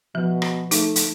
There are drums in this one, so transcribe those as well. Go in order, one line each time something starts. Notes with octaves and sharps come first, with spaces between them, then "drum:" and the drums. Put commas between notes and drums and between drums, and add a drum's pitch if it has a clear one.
B2 F3
drum: rim click
A3 D#4, drum: hi-hat
drum: hi-hat